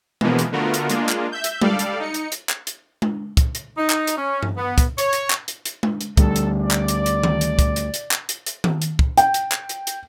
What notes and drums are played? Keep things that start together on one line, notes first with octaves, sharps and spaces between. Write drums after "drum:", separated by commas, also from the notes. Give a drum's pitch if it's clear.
B2 E3 F3 G#3 A#3 B3, drum: tom G#3
drum: hi-hat
D3 A3 B3 F4 F#4 A#4
drum: hi-hat
G#3 A#3 D4 F4, drum: hi-hat
drum: clap
E5 G6
drum: hi-hat
G3 A4 D5 F5, drum: tom G#3
drum: hi-hat
D#4 C#7
drum: hi-hat
drum: hi-hat
drum: clap
drum: hi-hat
drum: tom G#3
drum: kick, hi-hat
drum: hi-hat
D#4
drum: clap
drum: hi-hat
C#4
drum: tom G2
B3
drum: kick, hi-hat
C#5, drum: hi-hat
drum: hi-hat
drum: clap
drum: hi-hat
drum: hi-hat
drum: tom G#3
drum: hi-hat
D2 G3 A4, drum: kick, hi-hat
drum: hi-hat
D5
drum: clap
drum: hi-hat
drum: hi-hat
drum: tom D#3
drum: hi-hat
drum: kick, hi-hat
drum: hi-hat
drum: hi-hat
drum: clap
drum: hi-hat
drum: hi-hat
drum: tom D#3
drum: hi-hat
drum: kick
G5, drum: hi-hat
drum: hi-hat
drum: clap
drum: hi-hat
drum: hi-hat